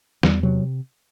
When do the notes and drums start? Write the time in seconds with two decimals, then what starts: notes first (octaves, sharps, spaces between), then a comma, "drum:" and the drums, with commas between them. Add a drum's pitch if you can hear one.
0.23 E2 G3, drum: snare
0.43 C3 F#3